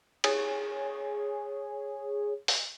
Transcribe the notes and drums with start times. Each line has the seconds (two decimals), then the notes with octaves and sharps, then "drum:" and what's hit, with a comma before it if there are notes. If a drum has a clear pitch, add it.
0.24 G#4 C#5, drum: cymbal
2.48 drum: open hi-hat